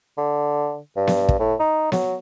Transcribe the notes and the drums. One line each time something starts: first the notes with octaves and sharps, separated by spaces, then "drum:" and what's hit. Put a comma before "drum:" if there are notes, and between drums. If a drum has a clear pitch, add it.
D3
G2
drum: snare B3
drum: kick
A2
D#4
F#3, drum: snare B3